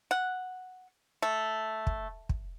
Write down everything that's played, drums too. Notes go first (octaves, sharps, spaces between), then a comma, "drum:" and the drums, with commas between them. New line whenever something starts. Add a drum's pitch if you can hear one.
F#5
A3
drum: kick
drum: kick